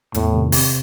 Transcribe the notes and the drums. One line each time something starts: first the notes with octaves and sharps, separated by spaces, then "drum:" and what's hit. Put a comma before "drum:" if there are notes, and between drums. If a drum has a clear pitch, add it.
E2 A2, drum: hi-hat
C3 D#3
C3, drum: open hi-hat